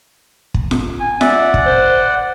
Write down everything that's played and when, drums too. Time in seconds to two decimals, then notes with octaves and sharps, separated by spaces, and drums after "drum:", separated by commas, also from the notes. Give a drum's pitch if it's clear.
0.54 drum: kick
0.71 drum: snare
1.00 G#5
1.21 D5 E5 F#5, drum: snare
1.54 drum: kick
1.66 C5